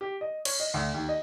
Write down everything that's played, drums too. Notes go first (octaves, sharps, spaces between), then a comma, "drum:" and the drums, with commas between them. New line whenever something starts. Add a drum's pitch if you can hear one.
G4
D#5
C#5, drum: cymbal
D#5
D2
D#2
D#5